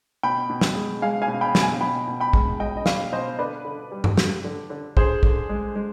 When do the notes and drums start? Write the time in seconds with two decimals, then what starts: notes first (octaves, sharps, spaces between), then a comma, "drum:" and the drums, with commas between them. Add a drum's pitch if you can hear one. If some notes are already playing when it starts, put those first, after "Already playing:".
0.23 B2 G5 B5
0.50 B2
0.61 drum: snare
0.76 G#3
1.02 G#3 F5 G#5
1.22 F5 G#5
1.28 B2
1.41 G5 B5
1.55 B2, drum: snare
1.61 F5 G#5
1.81 B2 G5 B5
2.08 B2
2.20 G5 B5
2.33 G#3, drum: kick
2.60 G#3 D#5 G5
2.77 D#5
2.86 B2 D5 F5, drum: snare
3.12 B2 C5 D#5
3.39 D3 B4 D5
3.65 D3
3.92 G3
4.04 drum: tom G2
4.18 G3, drum: snare
4.44 D3
4.70 D3
4.97 D3 G#4 C5, drum: kick
5.23 D3, drum: kick
5.49 G#3
5.76 G#3